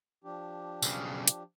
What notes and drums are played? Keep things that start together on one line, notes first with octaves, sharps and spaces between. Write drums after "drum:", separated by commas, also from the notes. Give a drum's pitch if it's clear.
F3 D4 G4
B1 C#3, drum: tambourine
drum: hi-hat